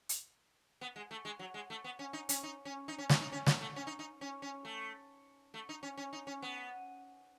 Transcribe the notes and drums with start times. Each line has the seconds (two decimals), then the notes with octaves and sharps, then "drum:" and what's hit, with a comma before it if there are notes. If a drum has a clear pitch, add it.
0.09 drum: hi-hat
0.81 B3
0.96 G#3
1.11 A3
1.25 G#3
1.39 F#3
1.54 G#3
1.70 A3
1.84 B3
1.99 C#4
2.13 D#4
2.29 C#4, drum: hi-hat
2.43 D#4
2.65 C#4
2.88 D#4
2.98 C#4
3.09 C#4, drum: snare
3.21 D#4
3.32 C#4
3.46 B3, drum: snare
3.61 A3
3.76 C#4
3.87 D#4
3.99 D#4
4.21 C#4
4.42 C#4
4.65 A3
5.54 A3
5.69 D#4
5.83 C#4
5.97 C#4
6.13 D#4
6.27 C#4
6.42 B3